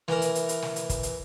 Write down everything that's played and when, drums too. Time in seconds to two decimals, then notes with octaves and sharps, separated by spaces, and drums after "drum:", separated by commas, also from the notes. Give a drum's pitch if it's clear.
0.08 E3 A#4, drum: snare
0.22 drum: hi-hat
0.35 drum: hi-hat
0.49 drum: hi-hat
0.62 drum: snare
0.76 drum: hi-hat
0.90 drum: kick, hi-hat
1.03 drum: hi-hat